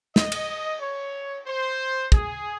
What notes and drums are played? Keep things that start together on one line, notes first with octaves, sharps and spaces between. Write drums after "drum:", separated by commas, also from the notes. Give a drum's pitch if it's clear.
D#5, drum: snare
drum: cymbal
C#5
C5
G#4, drum: kick